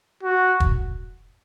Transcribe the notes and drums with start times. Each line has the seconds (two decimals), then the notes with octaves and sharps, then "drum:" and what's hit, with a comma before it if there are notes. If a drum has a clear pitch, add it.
0.23 F#4
0.60 drum: kick